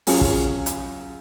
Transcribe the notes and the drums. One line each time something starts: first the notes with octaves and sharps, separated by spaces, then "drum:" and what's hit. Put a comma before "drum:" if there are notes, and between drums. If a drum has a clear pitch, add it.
F#3 C#4 F4 G#4, drum: open hi-hat
drum: kick
drum: hi-hat